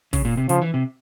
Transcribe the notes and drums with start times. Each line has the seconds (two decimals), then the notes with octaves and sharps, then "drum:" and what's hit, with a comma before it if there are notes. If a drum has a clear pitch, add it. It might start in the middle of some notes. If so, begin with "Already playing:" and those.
0.13 C#3, drum: kick, open hi-hat
0.25 A#2
0.37 C3
0.49 C#3 F3, drum: hi-hat
0.62 E3
0.74 C3